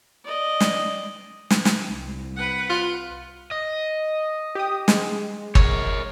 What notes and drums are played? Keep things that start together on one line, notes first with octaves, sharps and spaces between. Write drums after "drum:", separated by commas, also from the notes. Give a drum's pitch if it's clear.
D5 D#5
drum: snare
drum: snare
drum: snare
C2
B4 F#5
F4
D#5
G4 D#6
G#3, drum: snare
A#4 C#5, drum: kick